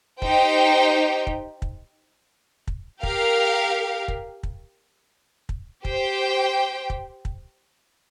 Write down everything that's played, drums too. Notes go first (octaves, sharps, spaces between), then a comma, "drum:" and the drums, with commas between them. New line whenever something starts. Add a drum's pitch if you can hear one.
D#4 G4 C5 G5, drum: kick
drum: kick
drum: kick
drum: kick
G4 A#4 F5, drum: kick
drum: kick
drum: kick
drum: kick
G4 C5 G5, drum: kick
drum: kick
drum: kick